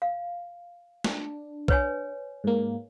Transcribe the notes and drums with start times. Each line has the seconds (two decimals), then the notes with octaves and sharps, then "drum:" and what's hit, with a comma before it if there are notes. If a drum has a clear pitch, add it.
0.02 F5
1.04 D4, drum: snare
1.68 B4 C#5 G#5, drum: kick B1
2.44 G#2 A#3